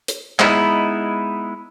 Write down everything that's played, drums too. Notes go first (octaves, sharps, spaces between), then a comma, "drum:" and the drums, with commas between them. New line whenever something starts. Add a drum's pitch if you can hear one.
drum: hi-hat
G#3 B3 D#4 E4, drum: clap